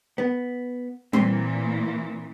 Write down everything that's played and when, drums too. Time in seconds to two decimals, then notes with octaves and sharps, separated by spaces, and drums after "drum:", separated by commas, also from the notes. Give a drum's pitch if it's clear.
0.18 B3
1.13 A#2 E3 C4 C6, drum: tom G3